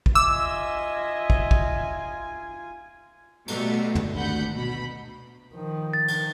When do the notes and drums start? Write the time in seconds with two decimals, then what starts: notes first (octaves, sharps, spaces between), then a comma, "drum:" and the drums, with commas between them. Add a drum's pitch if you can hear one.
0.06 drum: kick
0.15 F4 D#5 E5 G#5 D6 E6
1.30 drum: kick
1.51 drum: kick
3.48 B2 G3 A3, drum: cymbal
3.95 drum: tom
4.13 G#1 D2 F#5 B5 G6
4.55 B2 B5
5.54 D#3 F3
5.93 A6
6.08 drum: cymbal